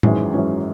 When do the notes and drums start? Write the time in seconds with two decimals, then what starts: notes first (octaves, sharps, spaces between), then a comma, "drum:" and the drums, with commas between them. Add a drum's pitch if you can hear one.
0.03 G#1 F#2 E3 G#3 C#4, drum: tom A2
0.33 G#1 F#2 E3 G#3 C#4